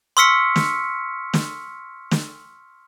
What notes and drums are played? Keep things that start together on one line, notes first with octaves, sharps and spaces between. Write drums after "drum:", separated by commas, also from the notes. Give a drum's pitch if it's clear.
C6 C#6 E6 F6 B6 C#7
drum: snare
drum: snare
drum: snare